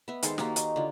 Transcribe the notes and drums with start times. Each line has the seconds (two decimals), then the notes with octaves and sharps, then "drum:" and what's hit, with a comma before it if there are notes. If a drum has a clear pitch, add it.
0.08 B3 E5
0.23 D#3 G#3 A4 C5, drum: hi-hat
0.38 A#3 F#4 G4 A4, drum: snare
0.56 D#4, drum: hi-hat
0.76 D3 F4